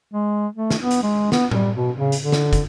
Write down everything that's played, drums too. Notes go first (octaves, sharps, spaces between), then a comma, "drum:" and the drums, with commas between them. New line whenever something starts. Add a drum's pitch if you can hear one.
G#3
A3
drum: snare
B3
drum: hi-hat
G#3
B3, drum: snare
G3, drum: tom A2
B2
C#3
drum: hi-hat
D3
drum: snare
drum: kick, hi-hat